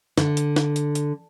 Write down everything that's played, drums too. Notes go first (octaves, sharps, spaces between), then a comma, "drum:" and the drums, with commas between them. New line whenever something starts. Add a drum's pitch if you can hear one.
D3, drum: snare
drum: hi-hat
drum: snare
drum: hi-hat
drum: hi-hat